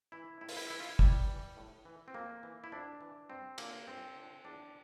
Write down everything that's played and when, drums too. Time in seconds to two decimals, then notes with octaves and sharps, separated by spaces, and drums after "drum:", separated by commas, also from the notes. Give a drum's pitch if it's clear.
0.12 E3 E4
0.41 A2 E4
0.49 F4, drum: open hi-hat
0.57 E4
0.70 E3 E4
0.80 F4
0.89 E4
0.99 A2 G3, drum: kick
1.28 E3
1.57 A2
1.85 E3
2.08 C4
2.14 F2 A#3
2.43 E3
2.64 E4
2.72 F2 D4
3.01 E3
3.30 G2 C4
3.58 D3 A#3, drum: cymbal
3.87 G2 C4
4.16 D3
4.45 E2 D4